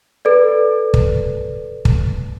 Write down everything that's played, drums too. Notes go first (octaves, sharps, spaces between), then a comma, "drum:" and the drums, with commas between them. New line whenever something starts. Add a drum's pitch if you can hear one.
A4 B4 D5
drum: kick
drum: kick